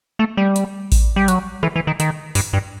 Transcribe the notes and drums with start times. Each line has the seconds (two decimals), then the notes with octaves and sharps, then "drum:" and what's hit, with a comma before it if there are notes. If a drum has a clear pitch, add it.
0.19 A3
0.37 G3
0.56 drum: hi-hat
0.92 drum: kick A1, open hi-hat
1.16 G3
1.28 F#3, drum: hi-hat
1.63 E3, drum: rim click
1.76 E3
1.87 D#3
2.00 D#3, drum: hi-hat
2.35 G2, drum: open hi-hat
2.53 G2